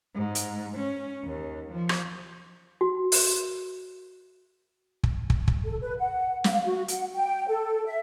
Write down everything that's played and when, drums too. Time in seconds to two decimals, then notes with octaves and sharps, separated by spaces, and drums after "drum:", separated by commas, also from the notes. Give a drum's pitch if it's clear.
0.15 G#2
0.35 drum: hi-hat
0.77 C#4
1.24 D#2
1.72 F3
1.89 drum: rim click
2.81 F#4
3.12 drum: open hi-hat
5.03 drum: kick
5.30 drum: kick
5.48 drum: kick
5.64 A4
5.81 B4
5.99 F#5
6.44 F5, drum: snare
6.65 F#4
6.88 F#5, drum: hi-hat
7.13 G5
7.48 A4
7.85 E5